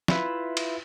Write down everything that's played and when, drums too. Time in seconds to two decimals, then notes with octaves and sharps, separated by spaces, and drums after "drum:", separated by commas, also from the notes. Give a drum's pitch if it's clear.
0.08 E4 F4 B4 E5, drum: snare
0.57 drum: cymbal